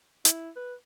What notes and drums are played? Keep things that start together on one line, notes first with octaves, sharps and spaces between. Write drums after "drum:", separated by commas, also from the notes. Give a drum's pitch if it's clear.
E4, drum: hi-hat
B4